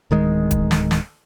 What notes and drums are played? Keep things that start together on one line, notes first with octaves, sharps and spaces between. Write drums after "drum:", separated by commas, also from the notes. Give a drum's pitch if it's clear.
D1 D#3 G#3
drum: kick, hi-hat
drum: snare
drum: snare